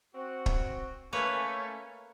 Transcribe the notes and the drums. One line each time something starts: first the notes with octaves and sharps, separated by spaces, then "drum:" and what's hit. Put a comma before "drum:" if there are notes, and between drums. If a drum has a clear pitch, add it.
C4 F#4
drum: kick
A3 A#3 C#4 B4 C#5